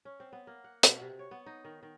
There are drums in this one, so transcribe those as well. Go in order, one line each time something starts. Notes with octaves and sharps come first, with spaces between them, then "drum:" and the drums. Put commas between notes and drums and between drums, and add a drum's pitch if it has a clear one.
C#4
C4
B3
A#3
F#5
B2, drum: hi-hat
C3
C#5
B3
D#4
D#3
D#3